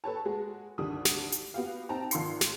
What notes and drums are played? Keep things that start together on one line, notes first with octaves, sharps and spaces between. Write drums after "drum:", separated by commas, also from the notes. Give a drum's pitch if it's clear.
A4 B4 C#5 A5
G#3 F#4 G#4
G#1 D2 G3 D4 D#6
drum: snare
drum: hi-hat
B3 F#4 G4 F5
C4 D#4 G5 A5 A#5
G#1 F4 C6 C7, drum: hi-hat
drum: snare